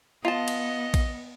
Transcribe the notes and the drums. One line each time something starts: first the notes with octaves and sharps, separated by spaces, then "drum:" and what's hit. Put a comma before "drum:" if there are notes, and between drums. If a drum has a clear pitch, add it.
B3 F4 D#5 A5
drum: cymbal
drum: kick A#1, cymbal